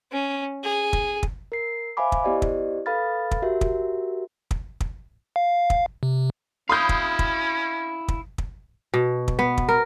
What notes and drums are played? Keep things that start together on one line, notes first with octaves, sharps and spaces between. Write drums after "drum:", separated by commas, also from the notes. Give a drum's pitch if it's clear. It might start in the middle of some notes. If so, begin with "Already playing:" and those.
C#4
G#4
drum: kick
drum: kick
A#4 C7
C5 E5 F5 G#5 B5 D6
drum: kick
B3 E4 G4 C5 D5 D#5
drum: kick
A4 B4 F5 B5 F6 A6
drum: kick
F#4 G4 A#4 E5
drum: kick
drum: kick
drum: kick
F5
drum: kick
C3
C#4 E4 F5 B5 D#6 G6
drum: kick
drum: kick
drum: kick
drum: kick
B2
drum: kick
B3
drum: kick
A#4